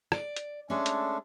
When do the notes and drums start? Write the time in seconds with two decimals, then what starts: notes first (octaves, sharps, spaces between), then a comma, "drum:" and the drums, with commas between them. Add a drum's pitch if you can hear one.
0.12 D5, drum: rim click
0.36 drum: hi-hat
0.70 G#3 A3 C#4 D4 G#4 A4
0.86 drum: hi-hat